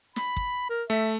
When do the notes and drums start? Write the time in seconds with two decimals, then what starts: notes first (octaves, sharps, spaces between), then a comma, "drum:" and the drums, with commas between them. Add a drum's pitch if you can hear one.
0.16 B5, drum: snare
0.36 drum: kick
0.70 A#4
0.90 A3 E5